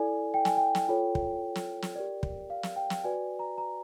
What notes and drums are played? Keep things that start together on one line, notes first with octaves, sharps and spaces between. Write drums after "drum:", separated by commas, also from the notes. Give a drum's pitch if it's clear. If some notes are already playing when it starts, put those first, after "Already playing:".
Already playing: E4 A4 D5 G#5
G5
G#5, drum: snare
G5
drum: snare
F4 A4 C#5
drum: kick
drum: snare
drum: snare
G4 A#4 D5
drum: kick
F5
drum: snare
G5
drum: snare
F#4 B4 D5 G#5
A#5
A#5